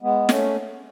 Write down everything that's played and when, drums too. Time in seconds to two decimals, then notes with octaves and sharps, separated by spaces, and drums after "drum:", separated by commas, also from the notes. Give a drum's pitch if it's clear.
0.02 G#3 B3
0.29 A3 C#4, drum: snare